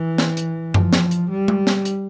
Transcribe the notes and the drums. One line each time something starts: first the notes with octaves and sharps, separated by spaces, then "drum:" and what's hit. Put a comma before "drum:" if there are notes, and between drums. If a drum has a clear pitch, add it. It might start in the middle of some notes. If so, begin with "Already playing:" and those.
Already playing: E3
drum: snare
drum: hi-hat
F3, drum: tom F#2
drum: snare
drum: hi-hat
G3
drum: tom G#3
drum: snare
drum: hi-hat